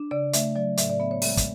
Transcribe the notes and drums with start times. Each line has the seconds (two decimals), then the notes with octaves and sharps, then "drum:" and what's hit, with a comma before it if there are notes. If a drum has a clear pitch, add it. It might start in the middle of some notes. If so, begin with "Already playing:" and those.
Already playing: D4
0.11 C#3 D5
0.33 A3 E5, drum: hi-hat
0.55 F#3 D5
0.77 A2 E5, drum: hi-hat
0.90 D5
1.00 B3 E5
1.11 C#5
1.22 G#3 E5, drum: open hi-hat
1.37 drum: kick, hi-hat